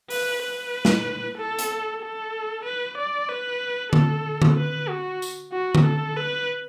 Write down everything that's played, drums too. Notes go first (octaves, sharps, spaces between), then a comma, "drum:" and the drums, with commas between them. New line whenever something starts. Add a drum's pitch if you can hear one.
B4, drum: open hi-hat
B4
drum: snare
A4
drum: hi-hat
A4
B4
D5
B4
A4, drum: tom D3
drum: tom D3
B4
F#4
drum: tambourine
F#4
drum: tom D3
A4
B4